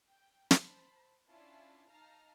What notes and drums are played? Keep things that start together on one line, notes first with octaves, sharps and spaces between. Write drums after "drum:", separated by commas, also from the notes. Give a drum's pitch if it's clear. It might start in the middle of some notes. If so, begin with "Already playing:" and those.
G5
C5 A5 B5, drum: snare
C#4 D4 E4 F4 A5
D#4 F5 A5 A#5 F6